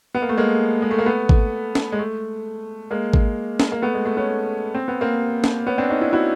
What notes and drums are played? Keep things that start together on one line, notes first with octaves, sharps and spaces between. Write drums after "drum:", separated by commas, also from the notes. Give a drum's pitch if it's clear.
B3
A#3
A3
G#3 A#3
G#3
A3
A#3
A3 B3
drum: kick G#1
drum: snare
G#3
A3
G#3 A#3
drum: kick G#1
drum: snare
A#3
A3 B3
G#3
A3
B3 C#4
C4
B3
A#3 C4
drum: snare
B3 C#4
C4 D4
C#4 D#4
D4 E4
E4 F#4